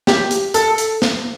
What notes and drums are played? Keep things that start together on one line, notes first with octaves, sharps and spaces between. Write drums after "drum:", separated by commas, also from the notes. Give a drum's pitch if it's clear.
G4, drum: snare
drum: hi-hat
A4, drum: hi-hat
drum: hi-hat
drum: snare